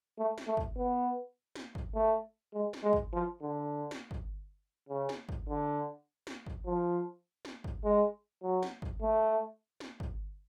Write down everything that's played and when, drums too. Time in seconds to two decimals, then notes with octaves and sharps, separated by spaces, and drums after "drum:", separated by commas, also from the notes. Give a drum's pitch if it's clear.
0.18 A3
0.38 drum: snare
0.47 A3
0.57 drum: kick
0.76 B3
1.55 drum: snare
1.75 drum: kick
1.95 A3
2.54 G#3
2.73 drum: snare
2.83 G#3
2.93 drum: kick
3.13 F3
3.42 D3
3.91 drum: snare
4.11 drum: kick
4.89 C#3
5.09 drum: snare
5.29 drum: kick
5.49 D3
6.27 drum: snare
6.47 drum: kick
6.66 F3
7.45 drum: snare
7.64 drum: kick
7.84 G#3
8.42 F#3
8.63 drum: snare
8.82 drum: kick
9.02 A3
9.80 drum: snare
10.00 drum: kick